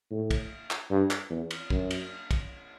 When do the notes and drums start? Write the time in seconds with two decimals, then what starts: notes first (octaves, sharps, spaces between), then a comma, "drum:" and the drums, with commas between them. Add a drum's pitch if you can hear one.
0.11 A2
0.31 drum: kick, cymbal
0.71 drum: clap
0.90 G2
1.11 drum: clap
1.30 E2
1.51 drum: cymbal
1.70 F#2, drum: kick
1.91 drum: cymbal
2.31 drum: kick, cymbal